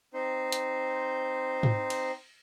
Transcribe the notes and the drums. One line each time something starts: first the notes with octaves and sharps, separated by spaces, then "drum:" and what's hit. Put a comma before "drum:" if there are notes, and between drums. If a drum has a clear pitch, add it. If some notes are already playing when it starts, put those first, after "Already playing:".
C4 D#4 C5
drum: hi-hat
drum: tom G#2
drum: cymbal